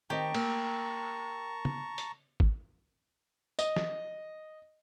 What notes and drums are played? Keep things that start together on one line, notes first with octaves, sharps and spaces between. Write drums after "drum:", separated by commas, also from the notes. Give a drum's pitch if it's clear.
D#3 C4 G4 D#5 A5 A#5 C#6
A#3, drum: cymbal
drum: tom
drum: hi-hat
drum: kick
D#5, drum: tambourine
drum: snare